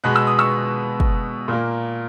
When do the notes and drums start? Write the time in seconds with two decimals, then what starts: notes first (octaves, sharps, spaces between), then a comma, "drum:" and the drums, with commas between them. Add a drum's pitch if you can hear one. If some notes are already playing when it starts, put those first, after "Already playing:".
0.04 B2 G#3 B3 F#6
0.15 E6
0.27 D#6
0.39 C#6 E6
1.00 drum: kick
1.48 A#2 A#3